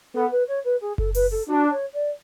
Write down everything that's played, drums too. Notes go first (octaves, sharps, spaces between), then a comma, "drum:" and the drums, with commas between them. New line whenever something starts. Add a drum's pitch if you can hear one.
B3 A4
B4
C#5
B4
G#4
A4, drum: kick F#1
B4, drum: open hi-hat
A4
D4 F#4
C#5
D5